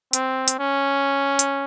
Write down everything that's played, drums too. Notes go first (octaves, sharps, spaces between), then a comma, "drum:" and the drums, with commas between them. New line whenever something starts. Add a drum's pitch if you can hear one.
C4, drum: hi-hat
drum: hi-hat
C#4
drum: hi-hat